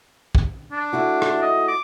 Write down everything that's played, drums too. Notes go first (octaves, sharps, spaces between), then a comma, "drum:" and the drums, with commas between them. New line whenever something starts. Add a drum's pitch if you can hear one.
drum: kick
D4
A3 E4 F#4
drum: rim click
D#5
D6